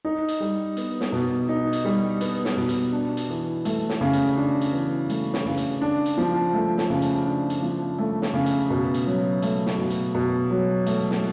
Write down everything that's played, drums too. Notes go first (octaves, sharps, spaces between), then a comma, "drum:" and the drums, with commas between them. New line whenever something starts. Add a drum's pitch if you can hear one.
D#4
drum: hi-hat
G3
B3, drum: hi-hat
drum: snare
B2
D#4
drum: hi-hat
G3
B3, drum: hi-hat
drum: snare
B2
drum: hi-hat
D4
drum: hi-hat
E3
A3, drum: hi-hat
drum: snare
C#3
drum: hi-hat
D4
drum: hi-hat
E3
A3, drum: hi-hat
drum: snare
C#3
drum: hi-hat
D4
drum: hi-hat
F3
A3
drum: snare
C#3
drum: hi-hat
D4
drum: hi-hat
F3
A3
drum: snare
C#3
drum: hi-hat
B2
drum: hi-hat
F#3
A3, drum: hi-hat
drum: snare
B2
drum: hi-hat
B2
F#3
A3, drum: hi-hat
drum: snare